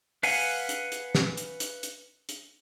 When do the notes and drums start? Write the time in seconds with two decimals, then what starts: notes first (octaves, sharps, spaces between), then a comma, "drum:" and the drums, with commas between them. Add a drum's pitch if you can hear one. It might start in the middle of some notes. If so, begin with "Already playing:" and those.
0.23 B4 F5 F#5 G#5, drum: open hi-hat
0.69 drum: hi-hat
0.92 drum: hi-hat
1.15 drum: snare
1.37 drum: hi-hat
1.60 drum: hi-hat
1.83 drum: hi-hat
2.29 drum: hi-hat